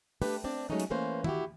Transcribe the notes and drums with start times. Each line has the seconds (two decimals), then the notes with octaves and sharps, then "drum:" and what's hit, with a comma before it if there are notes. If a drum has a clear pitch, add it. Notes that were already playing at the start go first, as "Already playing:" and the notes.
0.22 A3 D4 G4 B4, drum: open hi-hat
0.44 C4 D4 D5
0.70 F#3 G#3 A3 C#4 D#4
0.80 drum: hi-hat
0.90 E3 A3 A#3 C#4 B4 C5
1.24 E4 F#4 G4, drum: tom D#3